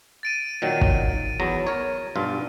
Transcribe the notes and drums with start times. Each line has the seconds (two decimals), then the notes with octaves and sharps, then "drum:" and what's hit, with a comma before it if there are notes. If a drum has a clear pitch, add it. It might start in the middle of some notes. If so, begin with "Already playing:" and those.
0.23 A6 D7 D#7
0.62 A#2 D#3 F#3
0.81 drum: kick
1.40 E2 F#3 A#5
1.67 A#4 C#5
2.16 B1 G2 F4